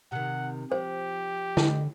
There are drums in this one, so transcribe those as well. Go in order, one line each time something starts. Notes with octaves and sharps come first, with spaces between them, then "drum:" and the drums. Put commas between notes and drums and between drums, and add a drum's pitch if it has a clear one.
C3 D#3 F#5
F3 G4 C5
D3 D#5, drum: snare E4